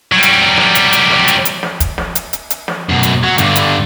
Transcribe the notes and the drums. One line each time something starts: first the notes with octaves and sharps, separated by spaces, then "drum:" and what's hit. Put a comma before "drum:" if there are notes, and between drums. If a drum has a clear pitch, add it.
F#3 G3
drum: hi-hat
drum: snare
drum: hi-hat
drum: hi-hat
drum: snare
drum: hi-hat
drum: hi-hat
drum: snare
drum: kick, hi-hat
drum: snare
drum: hi-hat
drum: hi-hat
drum: hi-hat
drum: snare
F#2 B2
drum: hi-hat
F#3
G2 D3, drum: hi-hat
drum: hi-hat